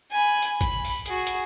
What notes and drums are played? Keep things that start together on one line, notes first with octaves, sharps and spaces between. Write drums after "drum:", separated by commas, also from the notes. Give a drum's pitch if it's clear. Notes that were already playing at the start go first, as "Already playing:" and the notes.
G#5 B5
drum: hi-hat
B5, drum: kick G#1, hi-hat
drum: open hi-hat
F#4 G#4, drum: hi-hat
drum: hi-hat